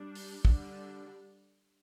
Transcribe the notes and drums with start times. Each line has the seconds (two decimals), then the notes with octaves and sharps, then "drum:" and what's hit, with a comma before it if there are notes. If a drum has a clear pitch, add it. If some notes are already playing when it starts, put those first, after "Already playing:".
Already playing: G3 D4
0.15 drum: open hi-hat
0.45 D3 G3 D4, drum: kick